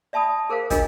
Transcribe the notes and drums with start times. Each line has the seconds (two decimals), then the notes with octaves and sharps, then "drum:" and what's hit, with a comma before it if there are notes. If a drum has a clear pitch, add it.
0.13 D5 E5 A5 B5 D#6
0.50 G#4 A#4 C5 F5
0.70 D4 F4 F#4 G#4 A#4 D#5, drum: kick, hi-hat